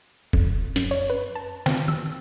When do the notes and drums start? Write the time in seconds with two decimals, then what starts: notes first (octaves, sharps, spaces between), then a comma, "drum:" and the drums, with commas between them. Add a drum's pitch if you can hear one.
0.33 F2, drum: kick
0.76 F#2, drum: hi-hat
0.91 C#5
1.10 B4
1.35 A5
1.66 C4, drum: snare
1.88 E6, drum: tom